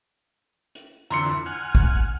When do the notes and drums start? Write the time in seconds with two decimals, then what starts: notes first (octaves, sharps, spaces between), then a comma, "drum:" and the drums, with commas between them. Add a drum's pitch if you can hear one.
0.75 drum: hi-hat
1.11 F2 D3 E3 A#5 C6 C#7, drum: hi-hat
1.46 F#5 G#5 F6
1.75 drum: kick